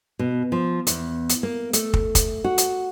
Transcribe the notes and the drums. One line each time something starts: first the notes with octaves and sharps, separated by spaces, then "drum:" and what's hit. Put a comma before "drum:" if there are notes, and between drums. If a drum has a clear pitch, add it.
B2
F3
E2, drum: hi-hat
drum: hi-hat
A#3
A3, drum: hi-hat
drum: kick
drum: kick, hi-hat
F#4
drum: hi-hat